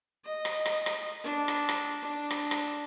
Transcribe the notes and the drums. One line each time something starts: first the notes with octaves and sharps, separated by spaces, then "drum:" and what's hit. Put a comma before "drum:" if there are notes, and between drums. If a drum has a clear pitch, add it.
D#5
drum: rim click
drum: rim click
drum: rim click
D4
drum: rim click
drum: rim click
D4
drum: rim click
drum: rim click